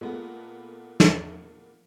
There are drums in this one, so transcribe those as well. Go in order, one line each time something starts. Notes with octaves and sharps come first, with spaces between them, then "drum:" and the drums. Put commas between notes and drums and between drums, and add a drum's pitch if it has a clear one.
A#2 G#3 A3 B3
drum: snare